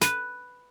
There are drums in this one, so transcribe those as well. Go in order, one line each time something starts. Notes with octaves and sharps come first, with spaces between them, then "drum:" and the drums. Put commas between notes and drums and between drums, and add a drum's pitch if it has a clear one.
B4, drum: snare